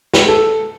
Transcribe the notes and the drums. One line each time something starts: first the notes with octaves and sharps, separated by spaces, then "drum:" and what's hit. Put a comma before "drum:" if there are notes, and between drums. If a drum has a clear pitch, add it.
B4, drum: snare
A4